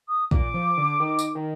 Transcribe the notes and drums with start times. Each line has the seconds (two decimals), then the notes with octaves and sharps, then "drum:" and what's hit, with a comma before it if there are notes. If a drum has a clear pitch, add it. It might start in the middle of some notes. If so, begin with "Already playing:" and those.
0.08 D#6
0.31 A#2 D6, drum: kick
0.54 F3
0.77 D3
1.00 D#3
1.19 drum: tambourine
1.35 D#3